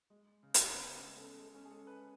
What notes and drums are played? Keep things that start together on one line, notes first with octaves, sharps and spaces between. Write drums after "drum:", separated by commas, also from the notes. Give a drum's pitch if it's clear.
G#3
C#3
drum: hi-hat
C#3 B3
C#4
G#3
A4
G#3 A4
C#4
G#4
G#3 A4
B4